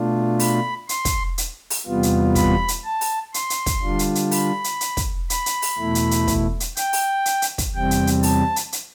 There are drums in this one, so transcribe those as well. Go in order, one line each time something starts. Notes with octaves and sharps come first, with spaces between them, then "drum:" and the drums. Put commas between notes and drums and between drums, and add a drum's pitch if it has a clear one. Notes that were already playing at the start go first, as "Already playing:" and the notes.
Already playing: B2 A3 D4 F4
B5, drum: open hi-hat
C6, drum: hi-hat
drum: kick, hi-hat
drum: hi-hat
drum: open hi-hat
E2 C3 G3 B3 F4
drum: hi-hat
B5, drum: kick, hi-hat
drum: hi-hat
A5
drum: open hi-hat
C6, drum: hi-hat
drum: hi-hat
drum: kick, hi-hat
D3 G3 D4 F4
drum: hi-hat
drum: hi-hat
B5, drum: open hi-hat
drum: hi-hat
drum: hi-hat
drum: kick, hi-hat
B5, drum: hi-hat
drum: hi-hat
drum: open hi-hat
E2 B2 A3 E4
drum: hi-hat
drum: hi-hat
drum: kick, hi-hat
drum: hi-hat
G5, drum: hi-hat
drum: open hi-hat
drum: hi-hat
drum: hi-hat
drum: kick, hi-hat
E2 C3 G3 C4 G5
drum: hi-hat
drum: hi-hat
A5, drum: open hi-hat
drum: hi-hat
drum: hi-hat